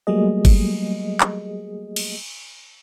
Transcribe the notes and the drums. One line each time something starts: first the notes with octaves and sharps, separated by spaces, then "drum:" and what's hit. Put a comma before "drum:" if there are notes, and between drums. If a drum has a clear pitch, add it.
F#3 G3 A3 A#3 G#4 D#5
drum: kick, cymbal
drum: clap
drum: cymbal